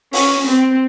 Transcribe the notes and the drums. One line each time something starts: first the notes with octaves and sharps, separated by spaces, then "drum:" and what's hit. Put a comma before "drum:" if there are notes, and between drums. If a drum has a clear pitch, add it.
C#4, drum: open hi-hat
C4